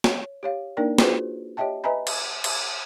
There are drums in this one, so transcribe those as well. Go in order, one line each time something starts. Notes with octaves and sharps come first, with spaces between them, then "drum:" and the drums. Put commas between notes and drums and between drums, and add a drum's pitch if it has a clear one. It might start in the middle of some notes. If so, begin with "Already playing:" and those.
C#5, drum: snare
G4 C#5 F5
A#3 D4 D#4 A#4 D5 G5
F4 F#4 G#4 B4 C5, drum: snare
G4 C#5 D#5 E5 G5 A5
B4 D#5 E5 G#5 A#5 B5
drum: cymbal
drum: cymbal